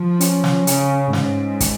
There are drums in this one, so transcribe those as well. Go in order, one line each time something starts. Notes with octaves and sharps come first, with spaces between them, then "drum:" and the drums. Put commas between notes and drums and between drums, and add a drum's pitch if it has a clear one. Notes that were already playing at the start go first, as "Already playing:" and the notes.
Already playing: F3
C#4, drum: hi-hat
drum: snare
C#3, drum: hi-hat
G#2 C#4, drum: snare
drum: kick, hi-hat